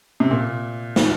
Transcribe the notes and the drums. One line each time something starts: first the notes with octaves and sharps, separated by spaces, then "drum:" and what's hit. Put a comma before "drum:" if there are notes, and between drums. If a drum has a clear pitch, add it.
C3
A#2
drum: snare